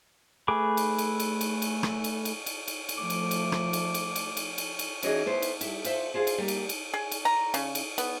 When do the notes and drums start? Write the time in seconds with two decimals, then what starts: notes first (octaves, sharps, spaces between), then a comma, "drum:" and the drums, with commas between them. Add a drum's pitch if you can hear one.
0.48 A3 G#4 B4 D6
0.77 drum: cymbal
0.98 drum: cymbal
1.20 drum: cymbal
1.41 drum: cymbal
1.62 drum: cymbal
1.83 drum: rim click
2.04 drum: cymbal
2.25 drum: cymbal
2.46 drum: cymbal
2.68 drum: cymbal
2.89 drum: cymbal
2.98 F3 A3 D6
3.10 drum: cymbal
3.31 drum: cymbal
3.52 drum: rim click
3.73 drum: cymbal
3.94 drum: cymbal
4.16 drum: cymbal
4.37 drum: cymbal
4.58 drum: cymbal
4.79 drum: cymbal
5.03 E3 C#4 D#4 F#4 G#4 D5, drum: cymbal
5.26 B3 E4 A4 C5
5.42 drum: cymbal
5.61 G3 E4, drum: cymbal
5.85 F4 C5 E5, drum: cymbal
6.14 F4 G#4 C5
6.27 drum: cymbal
6.38 G3 A#3
6.48 drum: cymbal
6.69 drum: cymbal
6.94 G#4
7.12 drum: cymbal
7.25 A#5
7.54 C#3, drum: cymbal
7.75 drum: cymbal
7.98 B3, drum: cymbal